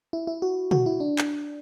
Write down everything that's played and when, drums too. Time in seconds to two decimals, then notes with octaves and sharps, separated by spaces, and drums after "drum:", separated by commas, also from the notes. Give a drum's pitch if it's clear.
0.13 E4
0.27 E4
0.42 F#4
0.71 F#4, drum: tom
0.86 E4
1.00 D4
1.19 drum: clap